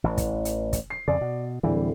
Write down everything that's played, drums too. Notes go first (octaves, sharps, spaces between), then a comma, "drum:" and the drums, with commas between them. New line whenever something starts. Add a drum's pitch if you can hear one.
A1 E3
drum: kick, hi-hat
drum: hi-hat
drum: kick, hi-hat
C7
F2 C#3 D5
B2
D1 D3 E3 G3 E4